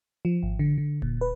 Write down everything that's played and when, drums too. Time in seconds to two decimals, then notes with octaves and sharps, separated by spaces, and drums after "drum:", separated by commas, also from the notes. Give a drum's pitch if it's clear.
0.25 F3
0.43 G#1
0.59 D3
0.78 D3
1.02 A#2, drum: kick D#1
1.21 B4